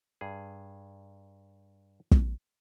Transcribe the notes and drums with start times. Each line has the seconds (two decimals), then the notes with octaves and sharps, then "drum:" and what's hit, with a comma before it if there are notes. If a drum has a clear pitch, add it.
0.21 G2 G#4
2.12 drum: kick